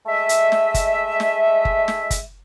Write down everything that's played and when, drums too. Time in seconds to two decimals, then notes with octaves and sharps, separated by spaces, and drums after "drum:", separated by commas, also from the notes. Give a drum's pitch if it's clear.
0.06 G#3 A3 D#5 E5
0.29 drum: hi-hat
0.52 drum: snare
0.74 drum: kick, hi-hat
1.20 drum: snare
1.65 drum: kick
1.88 drum: snare
2.10 drum: kick, hi-hat